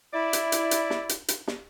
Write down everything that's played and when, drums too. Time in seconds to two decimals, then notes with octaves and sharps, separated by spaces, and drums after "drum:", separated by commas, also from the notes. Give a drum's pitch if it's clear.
0.14 E4 D5
0.33 drum: hi-hat
0.52 drum: hi-hat
0.71 drum: hi-hat
0.90 drum: snare
1.09 drum: hi-hat
1.28 drum: hi-hat
1.48 drum: snare